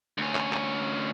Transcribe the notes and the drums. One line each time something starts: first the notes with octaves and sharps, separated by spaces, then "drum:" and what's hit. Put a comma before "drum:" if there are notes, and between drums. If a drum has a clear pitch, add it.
D2 C#4
drum: clap
drum: clap